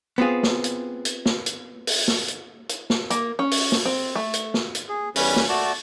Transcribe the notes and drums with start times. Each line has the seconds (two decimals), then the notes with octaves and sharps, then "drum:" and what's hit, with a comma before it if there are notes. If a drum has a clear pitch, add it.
0.18 B3 C4 F4 G#4
0.43 drum: snare
0.64 drum: hi-hat
1.05 drum: hi-hat
1.26 drum: snare
1.46 drum: hi-hat
1.87 drum: open hi-hat
2.08 drum: snare
2.28 drum: hi-hat
2.69 drum: hi-hat
2.90 drum: snare
3.10 A#3, drum: hi-hat
3.39 C#4
3.51 drum: open hi-hat
3.72 drum: snare
3.85 C4
4.15 A3
4.34 drum: hi-hat
4.54 drum: snare
4.75 drum: hi-hat
4.89 G#4
5.16 E2 G3 C#4 B4, drum: open hi-hat
5.36 drum: snare
5.49 A3 F#4 D5 A5